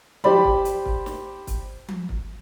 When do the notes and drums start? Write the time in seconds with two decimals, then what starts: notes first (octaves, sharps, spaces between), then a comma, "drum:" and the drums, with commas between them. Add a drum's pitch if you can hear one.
0.24 G4 C5 D5 B5, drum: tom F3
0.44 drum: kick
0.65 drum: hi-hat
0.86 drum: kick
1.06 drum: snare
1.47 drum: kick, hi-hat
1.88 drum: tom F3
2.09 drum: kick